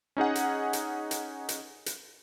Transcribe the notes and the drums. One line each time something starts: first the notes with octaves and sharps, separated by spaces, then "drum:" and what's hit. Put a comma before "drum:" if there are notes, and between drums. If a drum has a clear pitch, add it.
C#4 D#4 G#4 F#5
drum: hi-hat
drum: hi-hat
drum: hi-hat
drum: hi-hat
drum: hi-hat